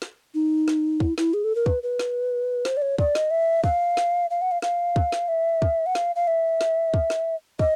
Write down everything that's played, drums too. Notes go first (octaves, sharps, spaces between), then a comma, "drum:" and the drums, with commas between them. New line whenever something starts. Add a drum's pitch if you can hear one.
drum: snare
D#4
drum: snare
E4, drum: kick
E4, drum: snare
G#4
A4
A#4
B4, drum: kick
B4
drum: snare
C5, drum: snare
D5
C#5
D5, drum: kick
D#5, drum: snare
E5
F5, drum: kick
drum: snare
F5
F#5
F5
F5, drum: snare
drum: kick
drum: snare
E5
drum: kick
F#5
F5, drum: snare
F5
E5
drum: snare
drum: kick
drum: snare
D#5, drum: kick